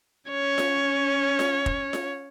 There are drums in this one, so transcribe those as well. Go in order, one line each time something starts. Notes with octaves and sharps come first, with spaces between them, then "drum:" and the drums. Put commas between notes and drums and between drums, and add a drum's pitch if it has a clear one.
C#4 C#5
drum: snare F4
drum: snare F4
drum: kick
drum: snare F4